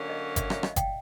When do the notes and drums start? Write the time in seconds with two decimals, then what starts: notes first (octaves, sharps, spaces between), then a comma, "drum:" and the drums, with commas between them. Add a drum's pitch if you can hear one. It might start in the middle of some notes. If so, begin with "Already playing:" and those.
Already playing: D3 F#3 A#3 C#4
0.09 C#5 D#5
0.36 D5 E5, drum: kick G1, hi-hat
0.50 D5 E5, drum: rim click
0.63 D#5 F5, drum: rim click
0.76 F5 G5, drum: kick G1, hi-hat